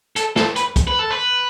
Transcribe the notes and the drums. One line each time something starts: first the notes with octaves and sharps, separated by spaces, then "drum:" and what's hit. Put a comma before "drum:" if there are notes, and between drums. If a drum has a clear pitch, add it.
A4, drum: hi-hat
A4, drum: snare
B4, drum: hi-hat
drum: kick, hi-hat
B4
A4
B4